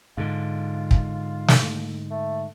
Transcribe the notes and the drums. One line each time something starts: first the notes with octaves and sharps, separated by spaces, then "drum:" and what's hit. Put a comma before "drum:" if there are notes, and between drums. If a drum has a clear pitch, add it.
G#2 D3 F4
drum: kick
drum: snare
A3